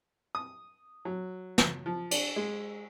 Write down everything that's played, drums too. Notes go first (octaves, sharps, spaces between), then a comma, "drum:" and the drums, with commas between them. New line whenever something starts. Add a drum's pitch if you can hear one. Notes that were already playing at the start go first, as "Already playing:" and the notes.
D#6
F#3
drum: snare
F3
D4, drum: cymbal
G#3